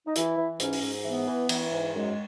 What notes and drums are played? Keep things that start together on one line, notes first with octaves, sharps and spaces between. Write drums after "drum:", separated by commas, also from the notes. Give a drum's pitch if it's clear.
D#4
E3 E4, drum: hi-hat
E3
G#2 C#4, drum: hi-hat
drum: open hi-hat
G#2
E3 B3
E3
E3, drum: cymbal
G#2
F#2 G#3